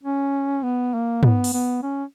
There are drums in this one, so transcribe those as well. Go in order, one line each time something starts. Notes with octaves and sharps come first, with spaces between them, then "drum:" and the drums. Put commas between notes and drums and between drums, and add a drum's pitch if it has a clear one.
C#4
B3
A#3
B3, drum: tom
drum: open hi-hat
B3
C#4